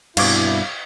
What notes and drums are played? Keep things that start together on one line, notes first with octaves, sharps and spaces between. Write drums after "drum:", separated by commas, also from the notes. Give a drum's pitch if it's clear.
C2 G2 B2 E4 F5 C#6 D6, drum: cymbal